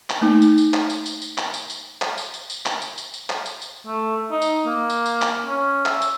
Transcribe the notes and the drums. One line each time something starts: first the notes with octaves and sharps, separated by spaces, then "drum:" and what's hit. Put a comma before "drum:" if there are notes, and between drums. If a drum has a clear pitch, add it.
drum: clap
A3 A#3 D#4
drum: tambourine
drum: tambourine
drum: clap
drum: tambourine
drum: tambourine
drum: tambourine
drum: clap
drum: tambourine
drum: tambourine
drum: clap
drum: tambourine
drum: tambourine
drum: tambourine
drum: clap
drum: tambourine
drum: tambourine
drum: tambourine
drum: clap
drum: tambourine
drum: tambourine
A3
D#4
drum: tambourine
A#3
drum: tambourine
drum: tambourine
drum: clap
C#4
E5, drum: clap
drum: tambourine